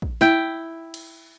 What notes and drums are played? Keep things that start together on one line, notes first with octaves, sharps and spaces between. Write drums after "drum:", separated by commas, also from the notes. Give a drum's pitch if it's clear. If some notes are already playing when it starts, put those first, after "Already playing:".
drum: kick
E4 G5, drum: snare
drum: cymbal